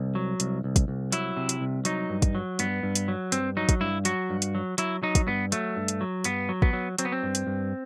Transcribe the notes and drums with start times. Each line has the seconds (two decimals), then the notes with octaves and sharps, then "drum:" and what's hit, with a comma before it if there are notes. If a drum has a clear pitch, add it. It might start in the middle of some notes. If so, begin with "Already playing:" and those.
Already playing: C2
0.15 F#3
0.40 C2, drum: hi-hat
0.64 C2
0.76 drum: kick, hi-hat
0.88 C2
1.12 F#3 E4, drum: hi-hat
1.37 C3
1.49 drum: hi-hat
1.61 C2
1.85 F#3 D#4, drum: hi-hat
2.10 G2
2.22 drum: kick, hi-hat
2.35 F#3
2.59 G2 B3, drum: hi-hat
2.83 G2
2.95 drum: hi-hat
3.08 F#3
3.32 G2 C4, drum: hi-hat
3.57 F#3 D#4
3.69 drum: kick, hi-hat
3.81 G2 E4
4.05 F#3 F#4, drum: hi-hat
4.30 G2
4.42 drum: hi-hat
4.55 F#3
4.78 F#3 E4, drum: hi-hat
5.03 F#3 D#4
5.15 drum: kick, hi-hat
5.27 G2 B3
5.52 F#3 A3, drum: hi-hat
5.76 G2
5.88 drum: hi-hat
6.01 F#3
6.24 G2 B3, drum: hi-hat
6.49 F#3
6.62 B3, drum: kick
6.73 F#3
6.98 F#3 C4, drum: hi-hat
7.05 B3
7.12 C4
7.23 G2
7.35 drum: hi-hat
7.47 G2